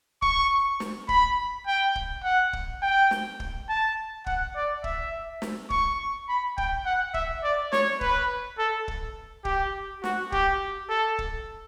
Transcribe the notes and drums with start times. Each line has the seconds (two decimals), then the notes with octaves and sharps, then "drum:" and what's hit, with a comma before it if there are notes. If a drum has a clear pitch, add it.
0.22 C#6, drum: kick
0.80 drum: snare
1.09 B5, drum: kick
1.67 G5
1.96 drum: kick
2.24 F#5
2.53 drum: kick
2.82 G5
3.11 drum: snare
3.40 drum: kick
3.69 A5
4.26 F#5, drum: kick
4.56 D5
4.84 E5, drum: kick
5.42 drum: snare
5.70 C#6, drum: kick
6.29 B5
6.58 G5, drum: kick
6.86 F#5
7.14 E5, drum: kick
7.44 D5
7.72 C#5, drum: snare
8.01 B4, drum: kick
8.58 A4
8.88 drum: kick
9.45 G4, drum: kick
10.04 F#4, drum: snare
10.32 G4, drum: kick
10.89 A4
11.19 drum: kick